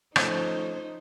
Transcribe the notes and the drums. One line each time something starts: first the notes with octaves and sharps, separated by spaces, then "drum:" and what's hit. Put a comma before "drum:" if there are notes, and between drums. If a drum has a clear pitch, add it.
F3 A3 C#4 D#4 C5, drum: rim click